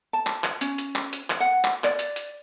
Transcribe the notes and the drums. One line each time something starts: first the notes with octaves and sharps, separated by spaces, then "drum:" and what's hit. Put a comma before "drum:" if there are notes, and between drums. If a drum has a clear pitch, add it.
A5
drum: clap
drum: clap
C#4, drum: hi-hat
drum: hi-hat
drum: clap
drum: hi-hat
drum: clap
F#5
drum: clap
D5, drum: clap
drum: hi-hat
drum: hi-hat